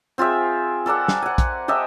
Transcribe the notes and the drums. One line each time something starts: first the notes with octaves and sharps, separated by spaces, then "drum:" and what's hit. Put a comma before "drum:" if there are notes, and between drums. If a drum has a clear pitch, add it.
C4 F4 G#4 E5
A4 A#4 D5 F#5
drum: snare
F#5 G#5
drum: kick, hi-hat
G4 A4 D#5 E5